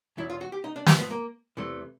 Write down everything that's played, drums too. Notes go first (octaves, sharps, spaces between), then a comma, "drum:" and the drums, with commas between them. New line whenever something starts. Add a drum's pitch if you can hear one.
E2 B2 F#3 E4
F4
F#4
G4
D#4
D4
G#2 F3 B3, drum: snare
B3
A#3
E2 C3 E3 A3